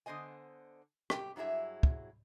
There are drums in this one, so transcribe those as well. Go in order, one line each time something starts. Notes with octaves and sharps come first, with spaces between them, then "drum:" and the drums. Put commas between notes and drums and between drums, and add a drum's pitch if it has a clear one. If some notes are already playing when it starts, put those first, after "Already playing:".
D3 B3 C5 D#5 G#5
G4, drum: rim click
G2 F#3 E4 G#4 E5
drum: kick